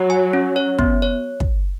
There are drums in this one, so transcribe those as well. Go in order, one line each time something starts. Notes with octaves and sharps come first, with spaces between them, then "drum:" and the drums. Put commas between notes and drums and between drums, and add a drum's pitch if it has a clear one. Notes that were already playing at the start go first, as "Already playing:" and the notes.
Already playing: F#3 F#4
G#5
C#4
C#5
B3, drum: kick
C#5
drum: kick